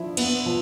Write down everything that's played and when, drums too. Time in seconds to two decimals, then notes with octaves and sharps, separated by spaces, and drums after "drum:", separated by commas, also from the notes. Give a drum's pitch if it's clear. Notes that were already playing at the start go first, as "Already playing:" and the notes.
Already playing: F3 D4 E4
0.17 B3, drum: cymbal
0.46 F3